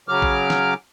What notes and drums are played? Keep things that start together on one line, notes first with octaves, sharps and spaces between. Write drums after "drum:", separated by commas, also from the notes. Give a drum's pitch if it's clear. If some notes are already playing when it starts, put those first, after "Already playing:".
C#3 F#3 D6 F6
drum: kick
drum: snare